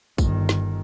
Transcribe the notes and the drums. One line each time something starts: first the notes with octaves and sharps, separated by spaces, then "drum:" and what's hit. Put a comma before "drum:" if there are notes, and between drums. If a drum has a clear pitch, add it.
G1 D#3, drum: kick, tambourine
drum: snare